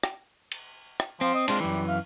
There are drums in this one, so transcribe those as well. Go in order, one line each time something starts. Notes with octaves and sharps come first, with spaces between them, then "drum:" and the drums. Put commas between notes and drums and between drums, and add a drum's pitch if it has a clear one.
drum: rim click
drum: cymbal
drum: rim click
F3 C4
D#5
G#3 C4 D4 F4, drum: cymbal
F#2 E3 G3
F5